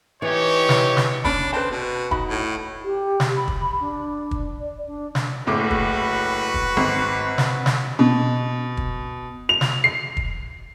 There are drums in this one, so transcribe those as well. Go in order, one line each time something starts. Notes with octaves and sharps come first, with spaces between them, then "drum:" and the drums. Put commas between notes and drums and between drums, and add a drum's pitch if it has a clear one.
E3 D#4 G4 C#5
drum: snare
drum: snare
C#4 D4 B5, drum: kick
C4 B4 A5
B2
D#4 F#4 B5, drum: kick
A2
G4
drum: snare
B5
drum: kick
D4
drum: kick
D5
D4
drum: snare
F#1 A2 F#4 B4 D6
drum: kick
drum: kick
G#1 C4
drum: snare
drum: snare
B2
drum: kick
F7
drum: snare
C7
drum: kick